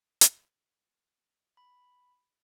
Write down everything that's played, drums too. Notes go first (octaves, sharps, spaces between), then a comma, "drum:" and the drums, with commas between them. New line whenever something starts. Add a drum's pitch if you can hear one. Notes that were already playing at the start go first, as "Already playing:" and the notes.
drum: hi-hat
B5